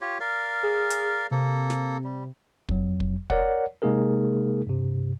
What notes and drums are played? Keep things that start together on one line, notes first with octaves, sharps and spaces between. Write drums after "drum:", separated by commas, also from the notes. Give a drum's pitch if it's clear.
F4 G4 C#5
A#4 D5 F5
G#4
drum: hi-hat
C3 A#3 A4
drum: snare
G3
F2 F#3, drum: kick
drum: kick
A#4 C#5 D5 F#5, drum: kick
C3 G#3 A#3 D#4 G#4 A#4
G2 C3